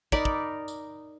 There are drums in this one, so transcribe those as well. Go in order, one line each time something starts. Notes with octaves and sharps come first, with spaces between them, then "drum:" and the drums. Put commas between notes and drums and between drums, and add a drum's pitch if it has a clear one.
D#4 A#4 D5 B5, drum: kick
drum: kick
drum: tambourine